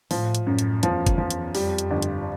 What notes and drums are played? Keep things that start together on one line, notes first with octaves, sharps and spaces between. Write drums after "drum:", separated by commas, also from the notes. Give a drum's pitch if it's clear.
A2 F3, drum: open hi-hat
drum: hi-hat
F#2 A2
drum: hi-hat
E2 F3, drum: hi-hat
drum: kick, hi-hat
F3
drum: hi-hat
F2 G3, drum: open hi-hat
drum: hi-hat
G1
drum: hi-hat